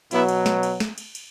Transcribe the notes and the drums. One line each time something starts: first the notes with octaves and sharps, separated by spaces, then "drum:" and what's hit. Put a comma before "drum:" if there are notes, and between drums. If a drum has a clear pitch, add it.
B2 F#3 B3 E4, drum: cymbal
drum: cymbal
drum: snare
drum: cymbal
drum: snare
drum: cymbal
drum: cymbal